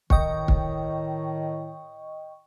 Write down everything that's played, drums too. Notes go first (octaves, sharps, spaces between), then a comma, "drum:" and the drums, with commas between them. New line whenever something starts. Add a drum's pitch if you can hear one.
A2 D#3 D#5 G5 C#6, drum: kick
drum: kick